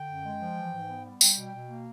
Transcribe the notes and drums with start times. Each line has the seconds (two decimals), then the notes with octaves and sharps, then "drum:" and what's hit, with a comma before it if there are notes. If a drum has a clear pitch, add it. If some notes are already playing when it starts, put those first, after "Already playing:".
Already playing: D3 G5
0.08 F#2
0.25 G#3
0.41 F3
0.56 E3
0.73 G#2
0.89 B3
1.05 G3
1.21 G3 G5, drum: tambourine
1.37 B2
1.53 B2
1.70 A#3